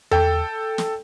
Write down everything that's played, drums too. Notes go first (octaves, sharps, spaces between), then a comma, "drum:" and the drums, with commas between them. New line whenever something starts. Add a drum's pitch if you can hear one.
A4 G5, drum: tom E2
drum: snare